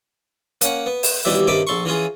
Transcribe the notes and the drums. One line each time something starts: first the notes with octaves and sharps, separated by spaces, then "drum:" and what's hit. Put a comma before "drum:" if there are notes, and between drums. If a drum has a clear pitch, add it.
A#3 C#4 F#5, drum: hi-hat
B3
drum: open hi-hat
D#2 B2 E3 G3 D5 E5
G2 C3 D#3 D5 B5 D6
A#1 A4 C6 C#6
E3 C#4 F4 G#4